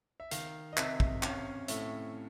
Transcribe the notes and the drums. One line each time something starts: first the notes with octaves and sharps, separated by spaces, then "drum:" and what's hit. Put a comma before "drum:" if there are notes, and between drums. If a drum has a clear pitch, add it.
E5
D#3 F5, drum: hi-hat
D#5
C3 E5, drum: clap
drum: kick
C#4 F5, drum: clap
A2 E5, drum: hi-hat